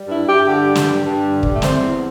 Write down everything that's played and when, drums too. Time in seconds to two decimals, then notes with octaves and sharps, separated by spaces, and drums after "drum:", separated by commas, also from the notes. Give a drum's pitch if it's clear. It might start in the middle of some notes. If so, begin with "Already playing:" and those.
Already playing: G3
0.08 G2 E4
0.27 G2 G4
0.46 D3 G4
0.66 G3
0.75 G4, drum: snare
0.85 G2
1.04 G2
1.24 D3
1.43 G3, drum: kick
1.55 A3
1.62 E2 C4, drum: snare
1.81 E2